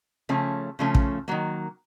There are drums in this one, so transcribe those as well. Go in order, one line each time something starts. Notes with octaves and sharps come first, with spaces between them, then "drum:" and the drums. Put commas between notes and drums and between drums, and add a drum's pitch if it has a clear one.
C#3 F3 A3 C#4
C#3 F3 A3 C#4
drum: kick
D#3 F#3 A#3